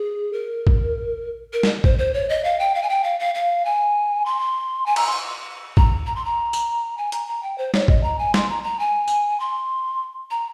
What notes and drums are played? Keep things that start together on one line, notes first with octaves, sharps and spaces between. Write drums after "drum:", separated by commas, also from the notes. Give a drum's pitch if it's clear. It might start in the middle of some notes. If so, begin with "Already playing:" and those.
Already playing: G#4
A#4
drum: kick A1
A#4
drum: snare
C5, drum: kick A1
C5
C#5
D#5
F5
G5
F5
G#5
G5
F5
F5
F5
G#5
C6
G#5
A#5, drum: cymbal
C6
A#5, drum: kick A1
A#5
C6
A#5
drum: tambourine
G#5
A#5, drum: hi-hat
A#5
G5
C5
C#5, drum: snare
D#5, drum: kick A1
A#5
G#5
C6, drum: snare
A#5
A#5
G#5
drum: tambourine
C6
A#5